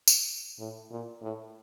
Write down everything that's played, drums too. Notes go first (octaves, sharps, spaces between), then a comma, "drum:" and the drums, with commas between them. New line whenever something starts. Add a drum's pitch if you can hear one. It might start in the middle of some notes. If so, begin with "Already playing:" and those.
drum: tambourine
A2
A#2
A2